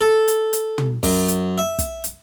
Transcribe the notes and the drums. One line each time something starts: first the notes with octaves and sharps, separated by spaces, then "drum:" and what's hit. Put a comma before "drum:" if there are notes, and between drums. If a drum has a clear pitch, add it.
A4
drum: hi-hat
drum: hi-hat
drum: tom
F#2, drum: kick, open hi-hat
drum: hi-hat
E5
drum: kick, hi-hat
drum: hi-hat